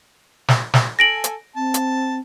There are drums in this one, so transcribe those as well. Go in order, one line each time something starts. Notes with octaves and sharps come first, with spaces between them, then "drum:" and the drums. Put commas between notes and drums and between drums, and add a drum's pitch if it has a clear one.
drum: snare
drum: snare
A4 G#5 A#6 D7 F#7
drum: hi-hat
C4 A5
drum: hi-hat